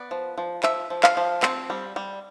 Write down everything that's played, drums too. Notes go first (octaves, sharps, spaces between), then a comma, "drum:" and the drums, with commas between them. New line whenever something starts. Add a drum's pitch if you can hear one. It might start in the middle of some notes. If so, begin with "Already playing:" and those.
Already playing: B3 D5
F3
F3
F3 E5, drum: clap
F3
F5, drum: clap
F3
C4, drum: clap
G3
G3